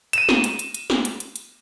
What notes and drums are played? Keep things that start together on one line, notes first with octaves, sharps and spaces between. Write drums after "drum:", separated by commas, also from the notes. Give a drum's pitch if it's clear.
D#7 E7, drum: hi-hat
drum: snare
drum: hi-hat
drum: hi-hat
drum: hi-hat
drum: snare
drum: hi-hat
drum: hi-hat
drum: hi-hat